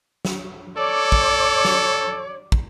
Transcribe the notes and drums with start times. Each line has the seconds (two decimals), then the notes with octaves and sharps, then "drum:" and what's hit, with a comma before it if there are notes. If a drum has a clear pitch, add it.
0.25 drum: snare
0.77 A4 C#5 D5 D6
1.12 drum: kick
1.65 drum: snare
2.52 drum: kick